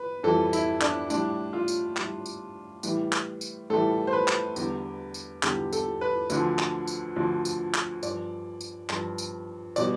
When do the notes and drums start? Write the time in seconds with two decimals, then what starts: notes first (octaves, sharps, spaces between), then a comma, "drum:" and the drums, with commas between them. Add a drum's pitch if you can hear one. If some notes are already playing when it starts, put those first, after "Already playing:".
Already playing: B4
0.23 F2 E3 G3 A4
0.53 E4, drum: tambourine
0.81 D4, drum: clap
1.10 A2 G3 D4, drum: tambourine
1.53 F4
1.68 drum: tambourine
1.96 A2 G3, drum: clap
2.26 drum: tambourine
2.83 A2 E3 G3, drum: tambourine
3.12 drum: clap
3.41 drum: tambourine
3.70 A2 E3 G3 A4
4.07 C5
4.13 B4
4.28 drum: clap
4.56 E2 D3 G3, drum: tambourine
5.14 drum: tambourine
5.43 E2 D3 G3 G4, drum: clap
5.73 A4, drum: tambourine
6.01 B4
6.30 D2 D3 F3, drum: tambourine
6.59 drum: clap
6.87 drum: tambourine
7.16 D2 D3 F3
7.45 drum: tambourine
7.74 drum: clap
8.03 G2 F3 D5, drum: tambourine
8.61 drum: tambourine
8.89 G2 F3, drum: clap
9.18 drum: tambourine
9.76 B2 G3 D5, drum: tambourine